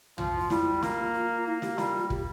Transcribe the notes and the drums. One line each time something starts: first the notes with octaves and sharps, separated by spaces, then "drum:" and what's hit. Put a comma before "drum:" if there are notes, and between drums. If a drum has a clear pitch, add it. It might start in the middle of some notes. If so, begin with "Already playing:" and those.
F3 F4, drum: tom
F4
G3 E4, drum: snare
A#3 F4, drum: snare
F4
A#3 E4
G4, drum: snare
G3 F4, drum: snare
F4
G4, drum: kick